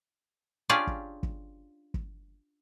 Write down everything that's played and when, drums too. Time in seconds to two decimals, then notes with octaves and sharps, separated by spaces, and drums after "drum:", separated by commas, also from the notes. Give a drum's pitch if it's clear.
0.69 C#4 D4 F4 G4 G#4 D5
0.87 drum: kick
1.23 drum: kick
1.94 drum: kick